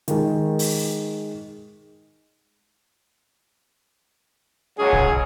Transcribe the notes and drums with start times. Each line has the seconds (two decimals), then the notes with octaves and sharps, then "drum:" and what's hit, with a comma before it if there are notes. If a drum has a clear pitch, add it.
0.08 D#3 G#3, drum: hi-hat
0.59 drum: open hi-hat
4.79 C#2 F#3 C#4 G#4
4.93 drum: kick